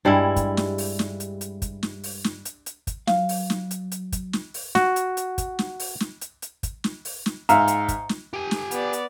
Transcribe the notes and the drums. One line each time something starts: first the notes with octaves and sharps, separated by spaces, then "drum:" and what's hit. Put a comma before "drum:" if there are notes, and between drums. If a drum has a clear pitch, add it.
G2 G3 G#3 E4
drum: kick, hi-hat
drum: snare
drum: open hi-hat
drum: snare
drum: hi-hat
drum: hi-hat
drum: kick, hi-hat
drum: snare
drum: open hi-hat
drum: snare
drum: hi-hat
drum: hi-hat
drum: kick, hi-hat
F#3 F5, drum: snare
drum: open hi-hat
drum: snare
drum: hi-hat
drum: hi-hat
drum: kick, hi-hat
drum: snare
drum: open hi-hat
F#4, drum: snare
drum: hi-hat
drum: hi-hat
drum: kick, hi-hat
drum: snare
drum: open hi-hat
drum: snare
drum: hi-hat
drum: hi-hat
drum: kick, hi-hat
drum: snare
drum: open hi-hat
drum: snare
G#2 E5 F5 A#5, drum: hi-hat
drum: hi-hat
drum: kick, hi-hat
drum: snare
G4 G#5
drum: snare
B3 D5, drum: hi-hat
drum: hi-hat